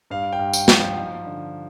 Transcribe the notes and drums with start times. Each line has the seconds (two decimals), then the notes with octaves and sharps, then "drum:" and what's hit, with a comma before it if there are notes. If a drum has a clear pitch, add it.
0.10 G2 F5
0.33 G5
0.39 G2
0.53 G5, drum: tambourine
0.68 F3, drum: snare
0.75 G5
0.97 D#4
1.26 D3